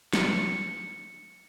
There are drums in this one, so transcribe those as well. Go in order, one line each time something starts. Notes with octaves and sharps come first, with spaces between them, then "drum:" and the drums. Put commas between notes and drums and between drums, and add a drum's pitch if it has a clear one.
C#7, drum: snare